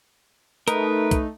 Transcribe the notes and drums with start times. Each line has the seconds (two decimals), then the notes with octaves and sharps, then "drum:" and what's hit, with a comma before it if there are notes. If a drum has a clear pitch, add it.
0.68 A3 D#4 A#4 B4, drum: hi-hat
1.11 drum: kick, hi-hat